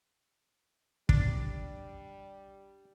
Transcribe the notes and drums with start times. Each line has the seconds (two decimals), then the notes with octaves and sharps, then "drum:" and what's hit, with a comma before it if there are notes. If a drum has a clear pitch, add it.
1.09 G3 D4, drum: kick